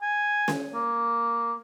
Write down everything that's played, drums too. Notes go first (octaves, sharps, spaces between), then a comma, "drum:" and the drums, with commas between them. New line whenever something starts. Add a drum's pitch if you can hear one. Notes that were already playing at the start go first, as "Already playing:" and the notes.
G#5
drum: snare
A#3